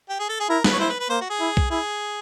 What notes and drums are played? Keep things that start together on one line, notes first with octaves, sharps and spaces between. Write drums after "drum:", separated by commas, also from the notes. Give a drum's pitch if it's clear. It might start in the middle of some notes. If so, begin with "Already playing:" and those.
G4
G#4
A4
G#4
E4 A#4
B4, drum: snare
C#5
E4 C5
B4
B4
A#3 C5
F#4
G#4
E4
drum: kick B1
E4 G#4